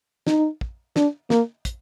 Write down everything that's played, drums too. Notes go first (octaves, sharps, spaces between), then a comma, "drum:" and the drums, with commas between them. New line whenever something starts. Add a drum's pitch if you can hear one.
D#4, drum: snare
drum: kick
D4, drum: snare
A#3, drum: snare
drum: kick, hi-hat